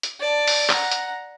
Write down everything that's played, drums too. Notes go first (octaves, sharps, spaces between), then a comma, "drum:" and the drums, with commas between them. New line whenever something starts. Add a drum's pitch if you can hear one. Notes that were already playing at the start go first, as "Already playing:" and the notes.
drum: hi-hat
D5 A5
drum: open hi-hat
F#5 A#5, drum: clap
drum: hi-hat